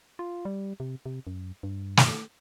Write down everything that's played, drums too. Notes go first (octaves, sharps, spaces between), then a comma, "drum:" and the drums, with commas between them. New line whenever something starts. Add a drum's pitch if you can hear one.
F4
G3
C3
C3
F#2
G2
drum: snare